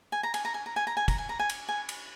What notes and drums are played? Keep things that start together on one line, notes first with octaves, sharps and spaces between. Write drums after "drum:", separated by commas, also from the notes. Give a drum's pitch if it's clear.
G#5
A#5
G#5, drum: cymbal
A#5
G#5
A#5
G#5
A#5
G#5
A#5, drum: kick, cymbal
G#5
A#5
G#5
drum: cymbal
G#5
drum: cymbal